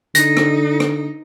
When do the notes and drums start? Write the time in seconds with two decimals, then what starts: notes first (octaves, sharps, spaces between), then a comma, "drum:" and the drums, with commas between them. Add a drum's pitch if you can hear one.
0.15 D3 D#4 A#6, drum: hi-hat
0.37 drum: rim click
0.80 drum: rim click